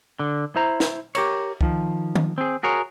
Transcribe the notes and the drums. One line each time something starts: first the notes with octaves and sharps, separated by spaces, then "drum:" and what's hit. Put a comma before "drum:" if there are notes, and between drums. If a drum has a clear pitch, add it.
D3
E4 C5 A#5
drum: snare
G4 A#4 C#5, drum: cymbal
D#3 F3, drum: kick C2
drum: tom D#3
C4 G#4
F#4 G#4 A#4 C#5